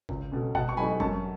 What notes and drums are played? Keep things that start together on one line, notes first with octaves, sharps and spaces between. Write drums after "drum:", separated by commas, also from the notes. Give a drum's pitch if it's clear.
C#2, drum: kick G1
B2 A3 C#4
B2 F#5 A5, drum: kick G1
C#6
F#3 A3 D#4 G#5 B5
F#2 A5 C#6, drum: kick G1